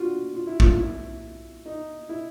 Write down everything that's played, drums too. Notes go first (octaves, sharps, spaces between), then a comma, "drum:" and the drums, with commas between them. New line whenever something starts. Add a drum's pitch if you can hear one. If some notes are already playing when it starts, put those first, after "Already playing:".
Already playing: D4 F4 F#4
F4
E4
F4, drum: kick
E4
D#4
E4